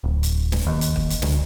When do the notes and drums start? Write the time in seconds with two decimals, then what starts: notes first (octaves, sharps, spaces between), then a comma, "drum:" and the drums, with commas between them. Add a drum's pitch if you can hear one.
0.04 D1
0.23 drum: hi-hat
0.52 drum: snare
0.67 D#2
0.81 drum: hi-hat
0.96 drum: kick
1.10 drum: hi-hat
1.22 D2, drum: snare